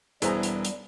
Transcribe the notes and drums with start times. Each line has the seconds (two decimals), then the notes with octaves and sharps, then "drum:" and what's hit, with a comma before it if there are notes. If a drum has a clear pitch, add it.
0.22 E1 G3 B3 E4 G#4 C5 A#5, drum: hi-hat
0.43 drum: hi-hat
0.65 drum: hi-hat